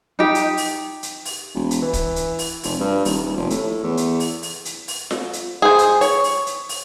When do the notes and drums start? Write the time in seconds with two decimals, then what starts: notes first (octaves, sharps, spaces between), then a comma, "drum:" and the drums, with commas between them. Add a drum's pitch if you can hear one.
0.19 D#4 G4
0.35 drum: hi-hat
0.57 drum: open hi-hat
1.03 drum: hi-hat
1.25 drum: open hi-hat
1.54 E1
1.71 drum: hi-hat
1.81 E3
1.93 drum: kick, hi-hat
2.16 drum: hi-hat
2.39 drum: open hi-hat
2.63 F1, drum: open hi-hat
2.80 G2
3.05 D#1, drum: open hi-hat
3.37 F1
3.50 A2, drum: hi-hat
3.83 E2
3.97 drum: hi-hat
4.20 drum: open hi-hat
4.43 drum: open hi-hat
4.65 drum: hi-hat
4.88 drum: open hi-hat
5.11 drum: snare F4
5.33 drum: hi-hat
5.62 G#4 C5
5.79 drum: hi-hat
6.01 C#5, drum: open hi-hat
6.24 drum: open hi-hat
6.47 drum: hi-hat
6.69 drum: open hi-hat